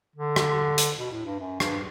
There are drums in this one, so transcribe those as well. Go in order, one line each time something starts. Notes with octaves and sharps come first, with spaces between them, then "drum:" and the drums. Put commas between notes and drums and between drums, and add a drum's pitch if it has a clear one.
D3
drum: rim click
drum: hi-hat
B2
A2
G2
F#2
G2, drum: rim click